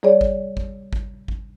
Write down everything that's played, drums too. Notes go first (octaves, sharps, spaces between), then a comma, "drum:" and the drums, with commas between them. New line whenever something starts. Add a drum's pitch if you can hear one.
G3 G#4 C#5 D5
drum: kick G#1
drum: kick G#1
drum: kick G#1
drum: kick G#1